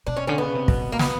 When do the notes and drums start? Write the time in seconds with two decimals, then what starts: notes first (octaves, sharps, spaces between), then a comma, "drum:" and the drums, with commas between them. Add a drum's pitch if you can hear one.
0.07 B2 D4
0.17 C#4
0.27 D3 C#4
0.38 C#3 B3
0.55 C3
0.68 B2, drum: kick
0.92 A#3
0.99 B3, drum: snare